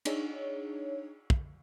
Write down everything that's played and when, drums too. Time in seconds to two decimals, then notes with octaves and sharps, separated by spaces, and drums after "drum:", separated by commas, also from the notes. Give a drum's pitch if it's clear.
0.05 D4 D#4 G#4 C#5, drum: cymbal
1.30 drum: kick